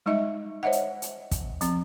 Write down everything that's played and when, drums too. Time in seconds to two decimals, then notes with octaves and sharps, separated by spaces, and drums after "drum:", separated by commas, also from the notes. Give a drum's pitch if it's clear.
0.06 G3 G#3 D#4 D#5 E5
0.63 C5 C#5 D#5 E5 F#5
0.72 drum: hi-hat
1.02 drum: hi-hat
1.31 drum: kick, hi-hat
1.61 F3 C4, drum: hi-hat